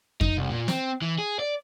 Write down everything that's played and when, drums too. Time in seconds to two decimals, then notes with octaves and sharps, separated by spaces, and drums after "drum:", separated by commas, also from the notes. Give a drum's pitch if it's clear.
0.21 D#4, drum: kick F2
0.38 C2
0.50 A#2
0.68 C4, drum: snare
1.02 E3
1.18 G#4
1.39 D5